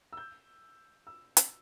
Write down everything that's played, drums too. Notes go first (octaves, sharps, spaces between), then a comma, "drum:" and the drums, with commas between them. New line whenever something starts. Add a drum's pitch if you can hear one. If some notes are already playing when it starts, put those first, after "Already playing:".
E6
G6
E6
drum: hi-hat